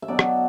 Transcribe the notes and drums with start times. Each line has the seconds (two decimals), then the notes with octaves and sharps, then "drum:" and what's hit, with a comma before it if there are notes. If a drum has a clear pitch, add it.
0.02 E5
0.08 B2 F#3 B3 D4 D5
0.19 drum: rim click